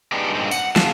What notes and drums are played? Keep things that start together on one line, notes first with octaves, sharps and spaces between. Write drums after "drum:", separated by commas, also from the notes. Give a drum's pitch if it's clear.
G3 G#3 B3 D4 D#4 G4
G2 A#2 G#3 C4
F#5, drum: tambourine
G#4 F5 A5, drum: snare